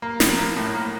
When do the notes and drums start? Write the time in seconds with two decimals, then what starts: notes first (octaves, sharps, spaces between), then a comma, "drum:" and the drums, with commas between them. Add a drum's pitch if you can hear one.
0.02 A#3
0.20 A#1, drum: snare
0.38 A#3
0.57 A2
0.74 A#3